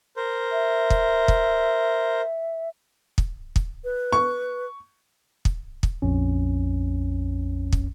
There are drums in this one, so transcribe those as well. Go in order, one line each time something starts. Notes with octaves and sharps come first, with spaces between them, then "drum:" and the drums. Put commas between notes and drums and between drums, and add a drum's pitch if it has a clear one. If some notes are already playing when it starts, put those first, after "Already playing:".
A#4 C5
E5
drum: kick
drum: kick
drum: kick
drum: kick
B4
C#6
drum: kick
drum: kick
A#1 F2 C#4
drum: kick